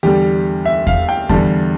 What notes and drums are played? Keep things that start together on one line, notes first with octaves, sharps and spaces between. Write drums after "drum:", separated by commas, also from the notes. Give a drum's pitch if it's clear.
E2 D3 G3 G4
E5
F5, drum: kick E2
G5
E2 D3 G3 A5, drum: kick E2